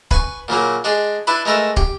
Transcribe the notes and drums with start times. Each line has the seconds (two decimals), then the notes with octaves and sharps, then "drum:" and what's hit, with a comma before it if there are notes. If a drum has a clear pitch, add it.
0.11 B4 G#5 C#6, drum: kick
0.48 A#2 C#3 F#3 A#3
0.84 G#3 D4 G#4
1.27 D4 E4 B4 B5
1.45 G#3 A3 A#4 B4 E5
1.77 G4, drum: kick